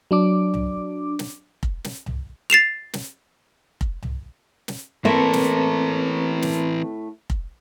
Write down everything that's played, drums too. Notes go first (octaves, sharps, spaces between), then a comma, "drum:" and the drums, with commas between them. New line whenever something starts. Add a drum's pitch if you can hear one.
F#3 D4 D6
drum: tom C2
drum: snare
drum: kick F1
drum: snare
drum: tom C2
A6 C7 E7 F7
drum: snare
drum: kick F1
drum: tom C2
drum: snare
A2 E3 A3 A#3 C4 A4 B4 E5
drum: snare
drum: snare
drum: kick F1